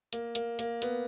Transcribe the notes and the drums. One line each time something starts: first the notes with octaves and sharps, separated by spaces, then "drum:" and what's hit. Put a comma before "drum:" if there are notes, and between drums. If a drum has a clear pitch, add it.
A#3, drum: hi-hat
A#3, drum: hi-hat
A#3, drum: hi-hat
B3, drum: hi-hat